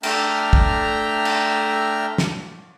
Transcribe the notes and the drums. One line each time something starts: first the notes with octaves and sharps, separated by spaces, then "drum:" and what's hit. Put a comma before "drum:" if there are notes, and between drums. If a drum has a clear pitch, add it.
A3 D4 E5 G5 A#5 F6, drum: cymbal
drum: kick
drum: cymbal
drum: snare